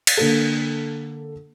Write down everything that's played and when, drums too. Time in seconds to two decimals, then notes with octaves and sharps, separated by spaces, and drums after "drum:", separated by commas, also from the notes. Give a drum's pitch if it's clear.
0.07 drum: cymbal
0.17 D3 A#3 A4